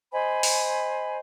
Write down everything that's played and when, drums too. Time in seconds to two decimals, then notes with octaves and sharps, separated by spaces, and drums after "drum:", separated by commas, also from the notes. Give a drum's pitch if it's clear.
0.12 C5 D#5 G#5 B5
0.43 drum: open hi-hat